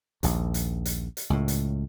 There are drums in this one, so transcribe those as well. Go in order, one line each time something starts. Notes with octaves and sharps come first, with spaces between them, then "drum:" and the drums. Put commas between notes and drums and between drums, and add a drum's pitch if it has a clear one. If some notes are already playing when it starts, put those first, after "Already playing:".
A#1 D#2, drum: hi-hat
drum: hi-hat
drum: hi-hat
drum: hi-hat
C#2 A2
drum: hi-hat